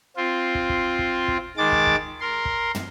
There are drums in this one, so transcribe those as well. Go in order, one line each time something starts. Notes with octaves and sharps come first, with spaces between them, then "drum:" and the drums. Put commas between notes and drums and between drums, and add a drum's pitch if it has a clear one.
C4 F4
drum: kick
drum: kick
drum: kick
drum: kick
D#3 G#3 D6 A6
drum: kick
drum: kick
A#4 C6
drum: kick
drum: tom